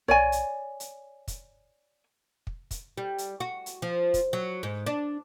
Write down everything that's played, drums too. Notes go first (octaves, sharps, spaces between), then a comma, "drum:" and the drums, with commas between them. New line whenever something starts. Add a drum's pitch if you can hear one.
C#5 D5 G#5, drum: tom B1
drum: hi-hat
drum: hi-hat
drum: kick, hi-hat
drum: kick
drum: kick, hi-hat
G3
drum: hi-hat
F#4
drum: hi-hat
F3
drum: kick, hi-hat
F#3
G#2
D4